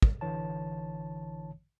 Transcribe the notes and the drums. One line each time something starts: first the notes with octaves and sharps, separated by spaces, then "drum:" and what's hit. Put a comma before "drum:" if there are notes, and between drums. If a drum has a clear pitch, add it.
drum: kick
A1 D3 E3 C#5 A5